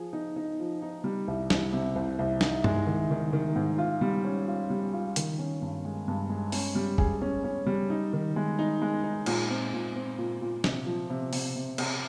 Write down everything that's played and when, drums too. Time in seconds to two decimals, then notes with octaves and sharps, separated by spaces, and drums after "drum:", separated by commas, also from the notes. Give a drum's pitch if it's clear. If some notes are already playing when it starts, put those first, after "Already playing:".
Already playing: F3 G#4
0.13 D#4
0.36 D#4
0.59 F3
0.82 D#4
1.04 G3
1.28 C2
1.50 C2, drum: snare
1.73 C3
1.96 C2
2.19 C2
2.41 D#4, drum: snare
2.64 G#3, drum: tom G2
2.87 D#3
3.11 D#3
3.33 D#3
3.56 G#2
3.78 F4
4.01 G3
4.24 C#4
4.47 F4
4.70 G3
4.93 F4
5.16 D#3, drum: hi-hat
5.39 C#4
5.62 G2
5.85 G#3
6.08 G2
6.30 G#3
6.52 C#4, drum: open hi-hat
6.75 G3
6.98 G#4, drum: kick F#1
7.22 C#4
7.44 C#4
7.66 G3
7.90 D#4
8.13 D#3
8.36 G#3
8.59 D#4
8.82 G#3
9.04 D#4
9.26 A#2, drum: cymbal
9.50 C4
9.73 A#2
9.96 C4
10.18 A#2
10.41 A#2
10.64 C3, drum: snare
10.86 F3
11.10 C3
11.33 C3, drum: open hi-hat
11.56 C3
11.78 C3, drum: cymbal